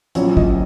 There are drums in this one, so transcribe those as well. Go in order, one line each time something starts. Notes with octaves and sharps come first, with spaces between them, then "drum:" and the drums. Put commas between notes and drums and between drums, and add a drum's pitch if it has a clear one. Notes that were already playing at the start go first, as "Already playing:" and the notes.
A#1 A#2 F#3 C#4 E4 C#5, drum: hi-hat
D#5, drum: kick